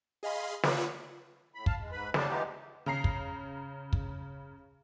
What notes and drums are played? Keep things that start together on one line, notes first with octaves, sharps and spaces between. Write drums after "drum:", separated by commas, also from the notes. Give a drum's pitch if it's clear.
G#4 D#5 F5 B5 C6
F4 B4 C#5 D5 E5 F#5, drum: snare
A2 B5
F5 A5, drum: kick
G#3
G#2 B4 B5
C#3 F3 G3 D4 A5, drum: snare
E3 F3 G#3 B3 D#4 G4
C#3 A#5 C7
drum: kick
drum: kick